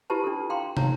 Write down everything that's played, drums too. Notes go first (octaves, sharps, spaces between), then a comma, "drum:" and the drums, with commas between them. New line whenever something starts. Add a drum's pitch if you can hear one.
E4 F4 G4 B4 A5 C6
D4 A4
F5 G5 A#5 C6
D#4 C#5 A#5, drum: tom